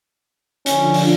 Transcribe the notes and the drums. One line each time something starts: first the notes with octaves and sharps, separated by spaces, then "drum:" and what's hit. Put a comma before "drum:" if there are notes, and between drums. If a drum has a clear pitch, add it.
D3 F3 C#4 D4, drum: hi-hat
drum: open hi-hat